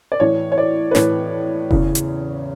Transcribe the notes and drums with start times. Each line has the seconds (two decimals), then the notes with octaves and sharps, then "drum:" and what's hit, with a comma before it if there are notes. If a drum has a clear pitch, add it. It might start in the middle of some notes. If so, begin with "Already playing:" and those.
0.12 D5
0.20 A2 E3 C#5
0.52 C#5
0.58 D5
0.91 B4
0.95 A2 E3 C#5, drum: snare
1.71 E2 C#3 E3, drum: kick F1
1.95 drum: hi-hat